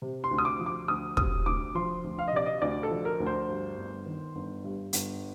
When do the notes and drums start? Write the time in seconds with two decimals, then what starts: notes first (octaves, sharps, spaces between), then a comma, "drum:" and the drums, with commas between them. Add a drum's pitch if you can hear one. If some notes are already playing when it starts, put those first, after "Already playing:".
0.02 C3
0.24 C6
0.31 D2
0.38 D#6
0.45 D6
0.59 F3
0.66 D6
0.88 D2 D#6
1.17 C3 D#6, drum: kick
1.46 D2 D6
1.75 F3 C6
2.04 D2
2.19 F5
2.28 D#5
2.33 C3 D5
2.46 D#5
2.62 D2 D5
2.83 A4
2.91 F3
3.05 A#4
3.20 D2
3.26 C5
3.48 G2
3.77 G1
4.06 D#3
4.35 G1
4.64 G2
4.93 G1, drum: hi-hat